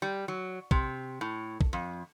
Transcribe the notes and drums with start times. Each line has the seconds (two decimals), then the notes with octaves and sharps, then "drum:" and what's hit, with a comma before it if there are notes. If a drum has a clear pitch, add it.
0.02 G3
0.28 F#3
0.71 C3, drum: kick
1.21 A2
1.61 drum: kick
1.73 F2